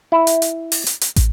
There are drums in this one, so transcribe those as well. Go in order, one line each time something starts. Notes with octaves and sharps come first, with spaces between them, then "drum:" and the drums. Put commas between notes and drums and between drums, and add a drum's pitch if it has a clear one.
E4
drum: hi-hat
drum: hi-hat
drum: open hi-hat
drum: hi-hat
drum: hi-hat
drum: kick, hi-hat